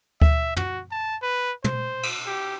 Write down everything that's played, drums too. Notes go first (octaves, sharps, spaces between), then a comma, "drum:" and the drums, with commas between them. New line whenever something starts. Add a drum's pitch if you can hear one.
E5, drum: kick D2
F#4, drum: tom
A5
B4
C5, drum: tom
drum: cymbal
G4